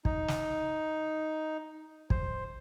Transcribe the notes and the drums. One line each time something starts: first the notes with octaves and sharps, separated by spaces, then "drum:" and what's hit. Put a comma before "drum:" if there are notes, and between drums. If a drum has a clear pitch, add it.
D#4, drum: kick
drum: snare
C5, drum: kick